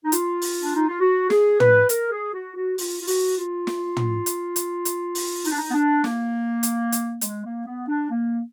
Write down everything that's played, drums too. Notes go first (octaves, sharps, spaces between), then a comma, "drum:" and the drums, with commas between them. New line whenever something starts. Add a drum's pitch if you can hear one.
D#4
F4, drum: hi-hat
drum: open hi-hat
D4
D#4
F4
F#4
G#4, drum: snare
B4, drum: tom
A#4, drum: hi-hat
G#4
F#4
F#4
F4, drum: open hi-hat
F4
F#4, drum: open hi-hat
F4
drum: snare
drum: tom
drum: hi-hat
drum: hi-hat
drum: hi-hat
drum: open hi-hat
D#4, drum: open hi-hat
D4
D#4
B3
D4
A#3, drum: snare
drum: hi-hat
drum: hi-hat
G#3, drum: hi-hat
A#3
B3
D4
A#3